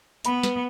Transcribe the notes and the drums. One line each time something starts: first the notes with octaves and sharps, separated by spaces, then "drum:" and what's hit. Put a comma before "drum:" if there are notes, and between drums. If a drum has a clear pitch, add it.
B3 B5, drum: hi-hat
B4, drum: snare